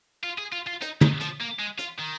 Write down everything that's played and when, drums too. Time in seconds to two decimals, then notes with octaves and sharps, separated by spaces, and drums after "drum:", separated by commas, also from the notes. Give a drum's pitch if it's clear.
0.23 F4
0.38 G#4
0.52 F4
0.67 F4
0.82 D#4, drum: hi-hat
1.01 D#3, drum: tom
1.20 F3, drum: hi-hat
1.41 A#3
1.60 G#3
1.79 F4, drum: hi-hat
1.99 D#3